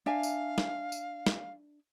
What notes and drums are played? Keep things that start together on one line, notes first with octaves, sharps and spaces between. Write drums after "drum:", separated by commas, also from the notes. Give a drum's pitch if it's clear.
D4 E5 F5 G#5
drum: tambourine
drum: snare
drum: tambourine
drum: snare